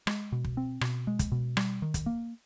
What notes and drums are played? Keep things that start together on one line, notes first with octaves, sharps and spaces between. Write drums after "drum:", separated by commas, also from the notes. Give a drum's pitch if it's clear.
G#3, drum: rim click
B2
drum: kick
C4
B2, drum: rim click
G#3
drum: kick, hi-hat
B2
G3, drum: rim click
D#3
drum: kick, hi-hat
A#3